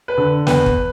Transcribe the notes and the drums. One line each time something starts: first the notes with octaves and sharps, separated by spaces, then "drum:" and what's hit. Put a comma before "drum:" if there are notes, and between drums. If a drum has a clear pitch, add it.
B4
D3
E2 B4, drum: snare
drum: kick